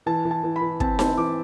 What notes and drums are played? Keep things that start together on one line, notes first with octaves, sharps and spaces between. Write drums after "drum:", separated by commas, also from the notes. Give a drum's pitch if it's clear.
E3 A5
E3
A5
E3
B5
E3
C4 A5, drum: kick
C4 A5, drum: snare D#4
E3 D6